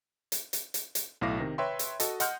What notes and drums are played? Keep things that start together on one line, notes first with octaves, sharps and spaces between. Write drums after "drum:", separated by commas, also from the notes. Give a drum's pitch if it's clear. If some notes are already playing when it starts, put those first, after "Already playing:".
drum: hi-hat
drum: hi-hat
drum: hi-hat
drum: hi-hat
B1 A2 E4 F5 D6 A#6
C3 D#3
B4 C#5 E5 G5 C6
drum: hi-hat
F#4 A4 D#5, drum: hi-hat
D#5 F#5 C6 F6 G6, drum: hi-hat